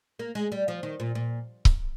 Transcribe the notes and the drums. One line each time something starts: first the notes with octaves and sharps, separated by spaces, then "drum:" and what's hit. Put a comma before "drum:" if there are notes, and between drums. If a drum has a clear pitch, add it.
A#3
G#3
G3
F3
D#3
A#2
A#2
drum: kick C#1